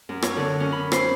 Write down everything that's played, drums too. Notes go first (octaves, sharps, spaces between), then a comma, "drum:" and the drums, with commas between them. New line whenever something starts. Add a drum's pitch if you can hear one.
F#2
C#5, drum: rim click
D3
C#4
B5
C5, drum: rim click